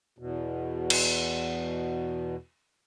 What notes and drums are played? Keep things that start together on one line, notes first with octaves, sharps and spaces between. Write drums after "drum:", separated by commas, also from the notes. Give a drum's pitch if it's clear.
E2 B2
drum: cymbal